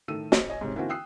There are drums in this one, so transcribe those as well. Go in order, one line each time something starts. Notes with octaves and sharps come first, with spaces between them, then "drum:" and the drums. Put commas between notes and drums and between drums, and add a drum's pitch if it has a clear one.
A2 D#3 A4 E6 D#7
C5 D#5, drum: snare
C#5 D#5 G#5
G#2 C3 C#4
D3 E3 A#3 C4 D#4 F#4
G5 D#6 E6 F#6 C7